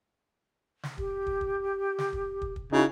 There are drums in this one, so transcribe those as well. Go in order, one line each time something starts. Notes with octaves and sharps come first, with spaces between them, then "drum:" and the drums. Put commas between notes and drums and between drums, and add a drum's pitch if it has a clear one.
drum: snare
G4, drum: kick
drum: kick
drum: kick
drum: snare
drum: kick
drum: kick
drum: kick
C#3 D#4 E4 F#4